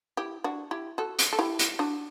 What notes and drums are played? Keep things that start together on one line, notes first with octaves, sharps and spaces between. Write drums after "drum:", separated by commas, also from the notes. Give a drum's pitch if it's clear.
E4 G4
D4 F#4
E4 G4
F#4 A4
drum: hi-hat
A4
E4 G4
drum: hi-hat
D4 F#4